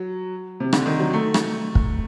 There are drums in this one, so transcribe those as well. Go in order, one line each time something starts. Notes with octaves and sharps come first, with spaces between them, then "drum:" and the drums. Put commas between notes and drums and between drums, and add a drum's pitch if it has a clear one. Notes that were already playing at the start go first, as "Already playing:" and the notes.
Already playing: F#3
C3
D3, drum: rim click
D#3
F#3
A3
drum: rim click
drum: kick